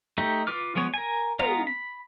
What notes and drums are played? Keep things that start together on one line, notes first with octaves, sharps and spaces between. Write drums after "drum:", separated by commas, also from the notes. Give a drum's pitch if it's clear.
A3 D#4 G4
F4 B4 D6 F6
F3 G#3 B3 C#5
A#4 G#5
G#3 B3 F4 F5 A#5, drum: tom
B5